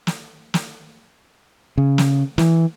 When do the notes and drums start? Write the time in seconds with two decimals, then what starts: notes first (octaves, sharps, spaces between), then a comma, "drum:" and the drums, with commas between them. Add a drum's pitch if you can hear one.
0.07 drum: snare
0.54 drum: snare
1.78 C#3
1.98 drum: snare
2.38 E3, drum: snare